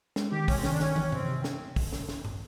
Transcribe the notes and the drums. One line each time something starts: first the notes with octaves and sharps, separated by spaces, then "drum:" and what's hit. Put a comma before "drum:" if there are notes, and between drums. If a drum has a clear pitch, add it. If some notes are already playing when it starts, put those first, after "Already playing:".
G#3, drum: snare
D#3 G4
C3 C#4, drum: kick, open hi-hat
C4
D#3 C#4, drum: snare
D4
D#3 C#4, drum: snare
D#3, drum: tom
C3 C4, drum: tom G2
C3
drum: snare
drum: kick, open hi-hat
drum: snare
drum: snare
drum: tom